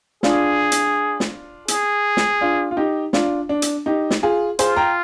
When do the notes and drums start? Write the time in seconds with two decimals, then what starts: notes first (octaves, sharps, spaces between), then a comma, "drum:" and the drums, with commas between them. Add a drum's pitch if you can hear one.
0.23 D4 F4 G#4, drum: snare
0.72 drum: hi-hat
1.20 drum: snare
1.68 G#4, drum: hi-hat
2.17 drum: snare
2.41 D4 F4
2.71 F4
2.77 D#4 G4
3.13 D4 F4, drum: snare
3.49 D4
3.62 drum: hi-hat
3.86 D#4 G4
4.10 drum: snare
4.23 F4 G#4
4.59 F4 G#4 C5, drum: hi-hat
4.76 G5 A#5